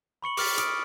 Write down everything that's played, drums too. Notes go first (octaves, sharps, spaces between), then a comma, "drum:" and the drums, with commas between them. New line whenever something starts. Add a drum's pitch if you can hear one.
B5 C#6 C#7 F#7
D6 F6 A6 B6, drum: open hi-hat
D#6 F6 D7, drum: hi-hat